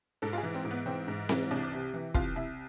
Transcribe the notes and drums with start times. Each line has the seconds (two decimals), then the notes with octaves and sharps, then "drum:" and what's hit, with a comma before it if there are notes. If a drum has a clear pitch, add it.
0.22 G#2 A4
0.33 F4
0.38 G#4
0.43 E3
0.54 C4
0.65 G#2
0.71 B3
0.86 E3 C4
1.08 G#2
1.29 E3, drum: snare C4
1.51 C2 D4
1.72 C3
1.94 E3
2.14 C2 F4, drum: kick
2.36 C2 E4